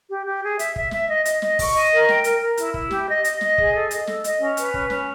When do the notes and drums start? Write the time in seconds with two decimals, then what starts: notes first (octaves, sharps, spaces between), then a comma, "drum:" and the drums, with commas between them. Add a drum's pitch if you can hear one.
0.09 G4
0.26 G4
0.42 G#4
0.59 E5, drum: hi-hat
0.76 E5, drum: kick
0.91 E5, drum: snare
1.09 D#5
1.25 D#5, drum: hi-hat
1.42 D#5, drum: snare
1.59 C#6, drum: kick, open hi-hat
1.74 D#5
1.92 A#4
2.09 G5, drum: snare
2.24 A#4, drum: hi-hat
2.41 A#4
2.57 E4, drum: hi-hat
2.74 E4, drum: kick
2.91 G4, drum: snare
3.08 D#5
3.24 D#5, drum: hi-hat
3.41 D#5, drum: snare
3.58 G#4, drum: kick
3.74 A4
3.91 D#5, drum: hi-hat
4.07 A4, drum: snare
4.24 D#5, drum: hi-hat
4.40 C#4
4.57 B4, drum: hi-hat
4.74 C#4, drum: kick
4.90 C#4, drum: snare